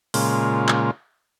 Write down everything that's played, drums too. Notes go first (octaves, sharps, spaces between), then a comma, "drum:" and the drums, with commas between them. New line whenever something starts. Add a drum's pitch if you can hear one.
A#2 C#3 G#3 F4, drum: open hi-hat
drum: clap